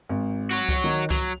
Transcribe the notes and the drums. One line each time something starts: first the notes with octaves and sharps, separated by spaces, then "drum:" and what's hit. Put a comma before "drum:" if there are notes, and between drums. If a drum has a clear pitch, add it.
G#1
F#4 C#5
drum: kick C#2, hi-hat
D#3
F#3 F7, drum: kick C#2, hi-hat